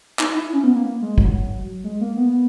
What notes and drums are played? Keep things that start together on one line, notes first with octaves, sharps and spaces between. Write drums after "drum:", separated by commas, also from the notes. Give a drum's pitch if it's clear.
D#4, drum: clap
E4
C#4
B3
A#3
A#3
G#3
F#3, drum: kick
G#3
A#3
B3